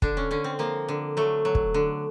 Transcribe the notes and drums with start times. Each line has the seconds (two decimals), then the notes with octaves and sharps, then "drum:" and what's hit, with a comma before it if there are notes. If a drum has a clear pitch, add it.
0.02 D3 D4, drum: kick
0.17 C#4
0.31 D3 C#4
0.44 C4
0.59 F3 A#3
0.89 D3
1.17 F#3 A3
1.45 F#3
1.55 drum: kick
1.74 D3